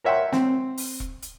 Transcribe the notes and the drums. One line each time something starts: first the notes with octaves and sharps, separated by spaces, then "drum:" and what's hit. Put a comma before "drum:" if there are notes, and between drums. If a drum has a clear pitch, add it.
A#4 C#5 E5 F#5 G5 C6
C4, drum: snare
drum: open hi-hat
drum: kick E1
drum: hi-hat